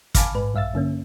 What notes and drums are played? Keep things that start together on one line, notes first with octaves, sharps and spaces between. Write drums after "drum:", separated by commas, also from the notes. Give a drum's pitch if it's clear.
F5 G#5 A5 B5 D6 F6, drum: kick, hi-hat
A1 G#2 B4
A#1 G2 E5 F5 E6 A6
G2 D3 A#3 C#4